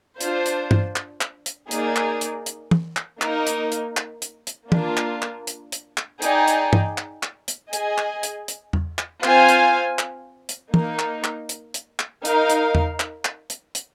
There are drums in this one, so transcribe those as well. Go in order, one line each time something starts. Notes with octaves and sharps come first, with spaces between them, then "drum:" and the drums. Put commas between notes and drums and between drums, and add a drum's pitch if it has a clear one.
D4 F4 C5, drum: hi-hat
drum: hi-hat
drum: tom G2
drum: clap
drum: clap
drum: hi-hat
A#3 D#4 G#4 D5, drum: hi-hat
drum: clap
drum: hi-hat
drum: hi-hat
drum: tom
drum: clap
A#3 D#4 A#4, drum: clap
drum: hi-hat
drum: hi-hat
drum: clap
drum: hi-hat
drum: hi-hat
A#3 D4 F4 A#4, drum: tom
drum: clap
drum: clap
drum: hi-hat
drum: hi-hat
drum: clap
D#4 G#4 D5 G5, drum: hi-hat
drum: hi-hat
drum: tom G2
drum: clap
drum: clap
drum: hi-hat
G#4 D#5 G#5, drum: hi-hat
drum: clap
drum: hi-hat
drum: hi-hat
drum: tom E2
drum: clap
C4 F4 C5 F5 G#5, drum: clap
drum: hi-hat
drum: clap
drum: hi-hat
A#3 D#4 A#4, drum: tom
drum: clap
drum: clap
drum: hi-hat
drum: hi-hat
drum: clap
D#4 A#4 F5, drum: hi-hat
drum: hi-hat
drum: tom E2
drum: clap
drum: clap
drum: hi-hat
drum: hi-hat